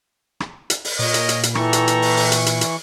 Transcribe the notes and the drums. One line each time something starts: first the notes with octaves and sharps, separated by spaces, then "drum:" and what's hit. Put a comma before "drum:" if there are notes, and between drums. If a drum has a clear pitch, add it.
drum: rim click
drum: hi-hat
drum: open hi-hat
A#2 A#4 C#5 D#5, drum: open hi-hat
drum: hi-hat
drum: hi-hat
drum: hi-hat
E3 A4 G5 A#5 C#6, drum: rim click
drum: hi-hat
drum: hi-hat
drum: open hi-hat
drum: open hi-hat
drum: hi-hat
drum: hi-hat
drum: hi-hat